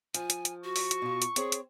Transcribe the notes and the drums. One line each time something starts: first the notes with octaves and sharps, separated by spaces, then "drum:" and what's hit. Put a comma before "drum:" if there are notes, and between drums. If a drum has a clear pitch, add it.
F3 G#5, drum: hi-hat
drum: hi-hat
drum: hi-hat
F#4 C#6
drum: open hi-hat
drum: hi-hat
B2 F4
drum: hi-hat
C4 G#4 C#5, drum: hi-hat
drum: hi-hat